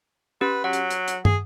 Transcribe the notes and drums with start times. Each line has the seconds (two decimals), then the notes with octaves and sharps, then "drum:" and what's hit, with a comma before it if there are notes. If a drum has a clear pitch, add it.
0.41 C#4 G4 B4
0.64 F#3 F#5
0.73 drum: hi-hat
0.90 drum: hi-hat
1.08 drum: hi-hat
1.25 G#4, drum: tom